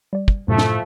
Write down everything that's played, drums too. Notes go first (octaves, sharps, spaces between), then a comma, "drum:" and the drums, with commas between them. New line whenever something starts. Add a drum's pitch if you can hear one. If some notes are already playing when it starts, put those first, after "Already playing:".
G3 D5
drum: kick
F#2 A2 C3 F3 F#3 A3
drum: snare